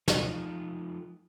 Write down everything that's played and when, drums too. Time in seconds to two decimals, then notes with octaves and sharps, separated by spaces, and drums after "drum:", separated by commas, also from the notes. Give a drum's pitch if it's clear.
0.08 F3 D#4 F4 A4, drum: snare